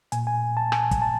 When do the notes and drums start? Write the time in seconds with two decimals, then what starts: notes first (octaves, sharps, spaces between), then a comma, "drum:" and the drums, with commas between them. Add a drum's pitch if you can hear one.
0.12 A#2 G#5, drum: hi-hat
0.27 G#5
0.57 A5
0.72 G#5, drum: rim click
0.91 drum: kick, hi-hat
1.02 A5